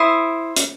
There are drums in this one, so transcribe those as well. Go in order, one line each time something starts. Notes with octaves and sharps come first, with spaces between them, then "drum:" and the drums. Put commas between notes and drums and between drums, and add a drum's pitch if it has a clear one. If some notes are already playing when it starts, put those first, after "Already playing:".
Already playing: E4 C5 D#6
drum: hi-hat